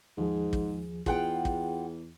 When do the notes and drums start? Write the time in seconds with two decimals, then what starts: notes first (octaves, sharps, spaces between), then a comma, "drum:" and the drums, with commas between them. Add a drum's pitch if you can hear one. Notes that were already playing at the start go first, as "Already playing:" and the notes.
0.18 D#2 G#2 F3 G#4
0.53 drum: kick
1.06 E2 F4 G#4 F#5 G5, drum: kick
1.45 drum: kick